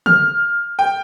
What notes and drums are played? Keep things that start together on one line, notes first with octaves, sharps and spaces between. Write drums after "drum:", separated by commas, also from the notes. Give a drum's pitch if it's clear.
F6, drum: tom
G5